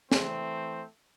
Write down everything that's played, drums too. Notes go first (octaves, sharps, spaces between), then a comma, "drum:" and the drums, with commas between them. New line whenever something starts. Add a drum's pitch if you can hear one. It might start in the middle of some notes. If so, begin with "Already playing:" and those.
E3 A3 C4, drum: snare